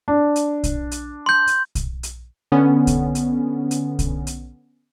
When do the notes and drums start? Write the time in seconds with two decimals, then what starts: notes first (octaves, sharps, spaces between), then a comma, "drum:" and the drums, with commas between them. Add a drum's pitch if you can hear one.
0.08 D4
0.36 drum: hi-hat
0.64 drum: kick, hi-hat
0.91 drum: hi-hat
1.26 C6 G6
1.47 drum: hi-hat
1.75 drum: kick, hi-hat
2.03 drum: hi-hat
2.52 D3 B3 C#4
2.87 drum: kick, hi-hat
3.15 drum: hi-hat
3.71 drum: hi-hat
3.99 drum: kick, hi-hat
4.27 drum: hi-hat